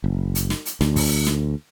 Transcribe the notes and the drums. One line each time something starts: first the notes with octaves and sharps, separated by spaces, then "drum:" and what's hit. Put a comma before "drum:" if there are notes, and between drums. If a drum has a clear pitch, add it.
F#1
drum: hi-hat
drum: snare
drum: hi-hat
D2, drum: snare
drum: kick, open hi-hat
drum: snare